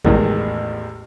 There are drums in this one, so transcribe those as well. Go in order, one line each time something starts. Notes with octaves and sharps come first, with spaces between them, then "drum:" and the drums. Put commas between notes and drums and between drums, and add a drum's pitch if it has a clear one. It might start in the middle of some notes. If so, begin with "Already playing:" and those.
A1 E2 A2 D#3 G#3, drum: kick A1